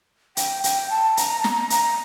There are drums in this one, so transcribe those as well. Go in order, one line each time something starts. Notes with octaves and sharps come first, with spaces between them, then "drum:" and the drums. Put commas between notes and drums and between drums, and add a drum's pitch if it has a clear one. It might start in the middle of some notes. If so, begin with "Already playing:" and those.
G5, drum: hi-hat
G5, drum: hi-hat
A5
A#5, drum: hi-hat
A5
A#5, drum: snare
A#5, drum: hi-hat